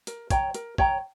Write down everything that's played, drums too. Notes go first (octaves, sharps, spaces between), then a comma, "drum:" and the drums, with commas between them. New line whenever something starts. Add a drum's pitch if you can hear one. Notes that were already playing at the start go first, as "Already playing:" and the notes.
A#4, drum: hi-hat
C#5 G5 A#5, drum: kick A1, hi-hat
A#4, drum: hi-hat
C#5 G5 A#5, drum: kick A1